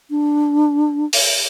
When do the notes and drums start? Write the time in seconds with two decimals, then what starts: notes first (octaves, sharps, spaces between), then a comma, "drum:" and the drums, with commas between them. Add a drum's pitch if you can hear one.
0.11 D4
1.13 drum: open hi-hat